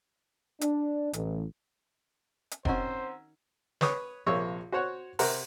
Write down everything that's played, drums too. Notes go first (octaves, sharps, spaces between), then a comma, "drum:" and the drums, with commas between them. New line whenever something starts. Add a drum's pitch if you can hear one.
D4, drum: hi-hat
A1, drum: hi-hat
drum: hi-hat
D#3 C4 C#4 F#4 C5 F#5 A#5 E6, drum: kick F1
B4 C#5 D#6, drum: snare
A#1 C3 A#3 C#5 C#6 E6
F#4 C5 C#5 F#5
C3 A#4 C5 F#5 A#5, drum: open hi-hat